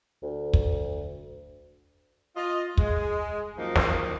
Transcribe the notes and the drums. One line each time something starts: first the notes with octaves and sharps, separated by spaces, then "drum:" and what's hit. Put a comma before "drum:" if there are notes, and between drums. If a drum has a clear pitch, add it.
D2
drum: kick
F4 D#5
G#3, drum: kick
F#2 A#2 D#3 F3 A#3 D#4
drum: snare